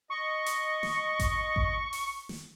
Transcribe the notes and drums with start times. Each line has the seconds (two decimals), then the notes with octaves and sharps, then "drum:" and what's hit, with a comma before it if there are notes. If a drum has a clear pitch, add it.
0.10 D#5 C#6
0.46 drum: hi-hat
0.83 drum: snare
1.20 drum: kick A1, hi-hat
1.56 drum: kick A1
1.93 drum: open hi-hat
2.29 drum: snare